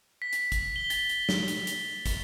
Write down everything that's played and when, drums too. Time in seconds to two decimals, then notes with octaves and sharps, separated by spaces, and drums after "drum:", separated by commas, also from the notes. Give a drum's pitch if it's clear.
0.22 B6
0.33 drum: hi-hat
0.52 drum: kick, hi-hat
0.76 G7
0.90 A6, drum: hi-hat
1.09 drum: hi-hat
1.29 drum: snare
1.48 drum: hi-hat
1.67 drum: hi-hat
2.06 drum: kick, hi-hat